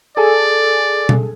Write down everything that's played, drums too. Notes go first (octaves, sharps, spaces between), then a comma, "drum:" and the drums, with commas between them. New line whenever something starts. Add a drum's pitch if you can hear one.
G#4 A4 D5 G#5
drum: tom B2